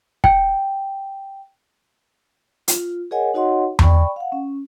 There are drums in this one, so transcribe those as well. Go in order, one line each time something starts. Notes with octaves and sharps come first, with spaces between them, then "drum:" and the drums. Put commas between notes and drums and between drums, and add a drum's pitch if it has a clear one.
G5, drum: kick
F4, drum: hi-hat
G#4 A#4 C#5 D#5 F#5 G#5
D#4 F#4 C#5 D#5 F#5 C6
D5 G5 B5 C#6, drum: tom E2
F5 F#5
C#4